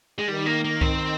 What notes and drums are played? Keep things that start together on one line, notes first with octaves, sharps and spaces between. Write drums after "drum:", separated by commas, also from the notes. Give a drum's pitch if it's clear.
G#3
D#3 G3
A#3
A#3
C4, drum: kick C2